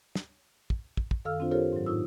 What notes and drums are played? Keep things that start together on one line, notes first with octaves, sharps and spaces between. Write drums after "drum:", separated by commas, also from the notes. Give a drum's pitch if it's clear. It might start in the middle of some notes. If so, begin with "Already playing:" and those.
drum: snare
drum: kick
drum: kick
drum: kick
F#2 D#3 A4 F5 E6 F6
C4 D4 F4 C5
F4 G4 A4 A#4 C5 C#5
G#2 F#3
A2 D#4 F4 D#6 E6